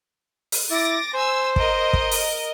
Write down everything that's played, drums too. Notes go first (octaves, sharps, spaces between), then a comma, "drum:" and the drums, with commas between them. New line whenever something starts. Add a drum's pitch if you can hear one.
drum: open hi-hat
E4 D6 A6 A#6
C5 G#5 E6
A#4 D#5, drum: kick
drum: kick
drum: open hi-hat